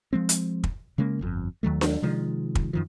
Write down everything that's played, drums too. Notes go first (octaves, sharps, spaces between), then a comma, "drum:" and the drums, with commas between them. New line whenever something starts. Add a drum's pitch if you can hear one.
F3 G#3 C4
drum: hi-hat
drum: kick
C#3 G#3 A#3 C#4
G1 F2
D#2 D#3 F#3 A3
drum: snare D4
C3 D#3 F3 G#3
drum: kick
F#2 D#3 F3